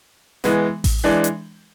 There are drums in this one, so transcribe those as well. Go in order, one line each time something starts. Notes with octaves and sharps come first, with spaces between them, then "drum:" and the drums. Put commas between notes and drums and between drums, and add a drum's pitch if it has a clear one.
E3 G#3 B3, drum: snare
drum: kick A1, open hi-hat
E3 G#3 D4
drum: hi-hat